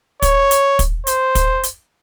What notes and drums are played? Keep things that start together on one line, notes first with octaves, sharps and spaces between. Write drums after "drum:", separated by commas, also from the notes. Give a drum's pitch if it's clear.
C#5, drum: kick, hi-hat
drum: hi-hat
drum: kick, hi-hat
C5, drum: hi-hat
drum: kick, hi-hat
drum: hi-hat